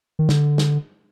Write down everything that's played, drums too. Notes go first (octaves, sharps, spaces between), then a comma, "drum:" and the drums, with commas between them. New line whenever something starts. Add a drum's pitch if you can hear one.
D#3
D3, drum: snare
drum: snare